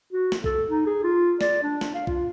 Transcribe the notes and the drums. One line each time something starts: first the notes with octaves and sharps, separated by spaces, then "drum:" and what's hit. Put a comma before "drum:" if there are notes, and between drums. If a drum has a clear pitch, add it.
F#4
drum: snare
A4, drum: kick
D#4
G#4
F4
D5, drum: snare
D4
drum: snare
F5
F4, drum: kick